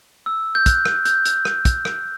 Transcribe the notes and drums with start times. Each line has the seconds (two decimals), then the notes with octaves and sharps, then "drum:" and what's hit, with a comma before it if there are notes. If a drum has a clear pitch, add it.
0.26 E6
0.55 G6
0.66 F#6, drum: kick, hi-hat
0.85 drum: rim click
1.05 G6, drum: hi-hat
1.25 drum: hi-hat
1.45 drum: rim click
1.65 drum: kick, hi-hat
1.85 drum: rim click